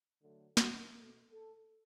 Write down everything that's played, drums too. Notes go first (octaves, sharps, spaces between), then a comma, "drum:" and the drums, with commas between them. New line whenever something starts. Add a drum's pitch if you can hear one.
D3 F#3 A3
F#4, drum: snare
B2 A3
A4